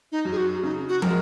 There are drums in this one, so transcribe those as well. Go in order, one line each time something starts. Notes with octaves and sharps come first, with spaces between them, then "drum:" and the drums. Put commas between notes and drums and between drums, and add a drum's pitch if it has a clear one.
D#4
F#2 F#3
G#4
F#4
C#3 D#4
F#4
G#3 F#4 A#4, drum: tom